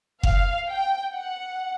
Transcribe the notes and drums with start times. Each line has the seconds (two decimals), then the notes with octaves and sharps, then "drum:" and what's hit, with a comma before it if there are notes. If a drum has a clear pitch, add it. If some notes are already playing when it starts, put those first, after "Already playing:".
0.23 F5, drum: kick F#1
0.69 G5
1.15 F#5